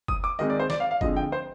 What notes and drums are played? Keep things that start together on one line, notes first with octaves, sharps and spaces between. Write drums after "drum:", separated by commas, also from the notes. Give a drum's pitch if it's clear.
D#6, drum: kick F#1
D6
D#3 G#3 C4 D#5
D5
C5
D5, drum: snare
F5
F5
D3 F3 G#3 C4 D#5, drum: kick F#1
G5
C5